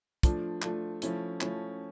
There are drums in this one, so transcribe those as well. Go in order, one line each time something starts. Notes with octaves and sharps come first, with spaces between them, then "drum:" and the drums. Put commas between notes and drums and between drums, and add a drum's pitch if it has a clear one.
F3 A3 D4 F4, drum: kick, hi-hat
F3 A3 D4 F4, drum: clap
F3 A3 C#4 E4, drum: hi-hat
F3 A3 C#4 E4, drum: clap